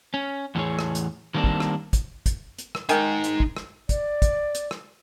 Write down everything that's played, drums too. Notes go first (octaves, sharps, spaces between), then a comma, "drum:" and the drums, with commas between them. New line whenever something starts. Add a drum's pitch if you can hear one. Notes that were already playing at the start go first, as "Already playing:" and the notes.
C#4
E2 A2 E3 C4 G#4 C#5
drum: rim click
drum: hi-hat
D#3 G3 A#3 C4 D4
drum: kick
drum: rim click
drum: kick, hi-hat
drum: kick, hi-hat
drum: hi-hat
drum: rim click
D#3 D#4 G#5, drum: hi-hat
drum: hi-hat
drum: kick
drum: rim click
D5, drum: kick, hi-hat
drum: kick, hi-hat
drum: hi-hat
drum: rim click